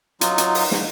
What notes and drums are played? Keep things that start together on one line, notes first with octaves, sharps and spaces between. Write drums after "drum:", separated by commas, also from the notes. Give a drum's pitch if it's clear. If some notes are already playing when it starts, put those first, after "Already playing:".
F#3 D#4 F4, drum: hi-hat
drum: hi-hat
drum: open hi-hat
drum: snare